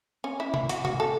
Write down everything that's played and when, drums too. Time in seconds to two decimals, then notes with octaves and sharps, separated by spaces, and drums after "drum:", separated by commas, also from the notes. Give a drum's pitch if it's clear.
0.24 C#4
0.40 E4
0.54 E4, drum: tom C3
0.69 F#4, drum: hi-hat
0.85 F#4, drum: tom C3
1.00 A4